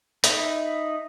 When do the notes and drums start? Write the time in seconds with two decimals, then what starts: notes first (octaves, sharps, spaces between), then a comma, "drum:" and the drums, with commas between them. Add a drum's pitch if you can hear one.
0.24 D#4 E5 B5, drum: hi-hat